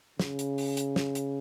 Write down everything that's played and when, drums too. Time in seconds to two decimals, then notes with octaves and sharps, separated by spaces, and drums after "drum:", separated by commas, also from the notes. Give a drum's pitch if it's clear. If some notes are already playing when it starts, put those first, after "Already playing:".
0.20 C#3, drum: snare
0.39 drum: hi-hat
0.58 drum: open hi-hat
0.77 drum: hi-hat
0.96 drum: snare
1.15 drum: hi-hat